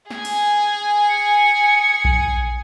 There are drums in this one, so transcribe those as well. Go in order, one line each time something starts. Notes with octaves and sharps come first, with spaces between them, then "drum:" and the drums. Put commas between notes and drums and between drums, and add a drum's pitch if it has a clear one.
G#4 G#5, drum: snare
drum: cymbal
C#7
drum: kick A#1